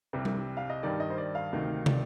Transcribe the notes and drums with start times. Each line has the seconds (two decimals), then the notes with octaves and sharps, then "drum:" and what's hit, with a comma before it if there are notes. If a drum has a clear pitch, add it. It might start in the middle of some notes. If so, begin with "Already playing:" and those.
0.13 C2 C3 G3
0.25 drum: tom G3
0.57 F5
0.70 D#5
0.83 G2 D#3 G3 D5
1.00 D#5
1.10 C5
1.18 D5
1.35 F5
1.53 D2 C3 D#3
1.86 D5, drum: tom